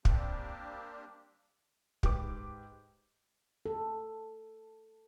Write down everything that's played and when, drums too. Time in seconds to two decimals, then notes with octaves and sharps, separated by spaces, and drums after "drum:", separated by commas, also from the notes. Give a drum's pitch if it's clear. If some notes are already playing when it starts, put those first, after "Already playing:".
0.05 G3 A#3 C4 D4 G4, drum: kick
2.03 G#2 G4 B4 D6, drum: kick
3.66 A4